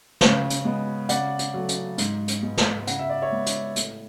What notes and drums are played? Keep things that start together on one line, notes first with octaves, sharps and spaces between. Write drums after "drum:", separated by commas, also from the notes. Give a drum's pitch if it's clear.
C#3, drum: snare
drum: hi-hat
G#3 B3
C#3 D5 F#5, drum: hi-hat
drum: hi-hat
F#3 A3
drum: hi-hat
G#2, drum: hi-hat
drum: hi-hat
G#3 B3
drum: snare
C#3 F#5, drum: hi-hat
E5
D5
C#5 E5
G#3 B3
drum: hi-hat
A2, drum: hi-hat